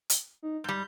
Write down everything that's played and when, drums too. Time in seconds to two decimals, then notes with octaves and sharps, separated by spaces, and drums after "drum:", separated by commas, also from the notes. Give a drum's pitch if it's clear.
0.10 drum: hi-hat
0.43 D#4
0.64 G#2 G3 G6